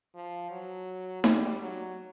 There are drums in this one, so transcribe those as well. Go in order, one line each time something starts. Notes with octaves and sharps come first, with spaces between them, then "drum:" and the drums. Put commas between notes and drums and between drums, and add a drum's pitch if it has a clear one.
F3
F#3
G3, drum: snare D#4
F#3